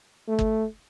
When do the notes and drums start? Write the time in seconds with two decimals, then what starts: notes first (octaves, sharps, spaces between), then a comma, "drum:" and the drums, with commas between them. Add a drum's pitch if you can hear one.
0.28 A3
0.39 drum: kick